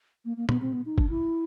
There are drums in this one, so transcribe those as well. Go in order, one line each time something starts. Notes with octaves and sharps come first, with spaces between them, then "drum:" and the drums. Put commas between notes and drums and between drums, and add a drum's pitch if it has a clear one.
A#3
A#3
B3, drum: tom
C4
B3
D#4
D4, drum: kick
E4